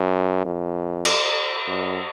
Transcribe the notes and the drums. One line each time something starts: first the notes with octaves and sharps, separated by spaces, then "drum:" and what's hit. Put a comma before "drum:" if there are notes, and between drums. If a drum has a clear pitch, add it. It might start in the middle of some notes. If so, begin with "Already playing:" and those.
Already playing: F#2
F2
drum: cymbal
F#2